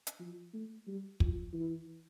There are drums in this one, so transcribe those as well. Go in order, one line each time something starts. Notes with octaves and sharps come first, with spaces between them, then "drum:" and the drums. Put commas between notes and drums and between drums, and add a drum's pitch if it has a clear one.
drum: hi-hat
F3
A3
G3
F3, drum: kick
E3